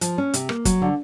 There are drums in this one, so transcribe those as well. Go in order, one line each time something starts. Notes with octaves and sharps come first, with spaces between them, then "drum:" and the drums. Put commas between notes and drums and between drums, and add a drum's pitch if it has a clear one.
F3, drum: hi-hat
C#4
C3, drum: hi-hat
A#3, drum: rim click
F#3, drum: kick, hi-hat
D3